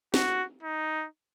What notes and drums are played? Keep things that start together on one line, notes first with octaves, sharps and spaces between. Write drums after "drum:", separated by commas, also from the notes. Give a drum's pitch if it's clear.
F#4, drum: snare
D#4